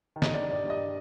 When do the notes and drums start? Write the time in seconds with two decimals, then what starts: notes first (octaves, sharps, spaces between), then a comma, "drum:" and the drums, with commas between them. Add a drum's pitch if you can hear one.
0.16 D#3
0.22 D#5, drum: snare
0.34 D5
0.41 G2
0.51 D5
0.64 G2
0.70 D#5